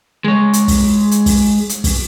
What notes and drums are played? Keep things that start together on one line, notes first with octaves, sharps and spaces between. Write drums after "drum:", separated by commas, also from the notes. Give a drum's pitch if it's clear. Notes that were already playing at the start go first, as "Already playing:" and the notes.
G#3 C#5
drum: hi-hat
drum: kick, open hi-hat
drum: hi-hat
drum: kick, open hi-hat
drum: hi-hat
drum: kick, open hi-hat